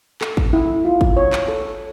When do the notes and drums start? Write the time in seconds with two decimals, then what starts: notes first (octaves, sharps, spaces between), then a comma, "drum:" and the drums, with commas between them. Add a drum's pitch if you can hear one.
0.21 A4, drum: clap
0.37 drum: kick
0.53 E4
0.85 F4
1.01 drum: kick
1.17 C#5
1.33 drum: clap
1.48 A4